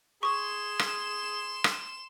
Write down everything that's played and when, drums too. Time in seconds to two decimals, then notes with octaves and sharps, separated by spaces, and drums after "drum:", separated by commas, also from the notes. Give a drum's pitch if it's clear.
0.23 G#4 C6 C#6 D#6 E7
0.79 drum: rim click
1.64 drum: rim click